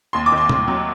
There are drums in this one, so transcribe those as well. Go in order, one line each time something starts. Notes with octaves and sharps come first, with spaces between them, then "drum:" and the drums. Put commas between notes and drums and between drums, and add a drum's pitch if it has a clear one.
D#2 C6
D6
D#3
C6
D#2, drum: tom
F#3